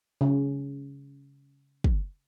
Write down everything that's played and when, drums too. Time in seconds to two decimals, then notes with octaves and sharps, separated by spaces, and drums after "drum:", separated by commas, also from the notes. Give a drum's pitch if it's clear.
0.21 C#3
1.84 drum: kick